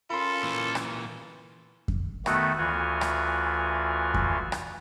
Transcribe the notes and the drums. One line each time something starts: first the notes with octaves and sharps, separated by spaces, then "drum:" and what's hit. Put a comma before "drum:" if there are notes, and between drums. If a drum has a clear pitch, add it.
C#4 F4 A4 A#4 B5 C6
A#2 E3
drum: rim click
drum: kick F2
D#3 A3 B3 F#4, drum: rim click
D2 E3 F4 F#4 G#5
drum: rim click
drum: kick F2
drum: rim click